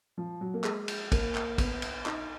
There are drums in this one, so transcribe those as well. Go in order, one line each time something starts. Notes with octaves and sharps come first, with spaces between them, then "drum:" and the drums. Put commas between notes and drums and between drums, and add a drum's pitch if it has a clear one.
F3
F#3
A#3
G#3, drum: clap
drum: cymbal
A#3, drum: kick, cymbal
drum: clap
B3, drum: kick, cymbal
drum: cymbal
D#4, drum: clap